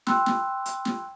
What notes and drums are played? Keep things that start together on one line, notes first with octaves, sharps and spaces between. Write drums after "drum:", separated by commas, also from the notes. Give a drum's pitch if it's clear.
G5 B5 C6 E6 F#6, drum: snare
drum: snare
drum: hi-hat
drum: snare